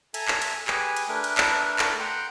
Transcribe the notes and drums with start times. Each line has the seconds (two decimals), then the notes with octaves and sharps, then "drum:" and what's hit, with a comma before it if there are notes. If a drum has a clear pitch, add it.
0.14 A4 E5 G#5 A#5, drum: cymbal
0.28 drum: clap
0.42 drum: cymbal
0.68 G4 G#4 B4 G#5, drum: clap
0.96 drum: cymbal
1.08 A3 D4 A#4 B4
1.24 drum: cymbal
1.38 drum: clap
1.79 drum: clap
2.00 F#5 G5 A#5 C6